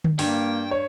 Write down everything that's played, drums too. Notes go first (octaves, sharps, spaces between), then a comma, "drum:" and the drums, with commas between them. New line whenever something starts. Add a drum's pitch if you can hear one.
drum: tom D3
G2 A#3 G5, drum: open hi-hat
C#5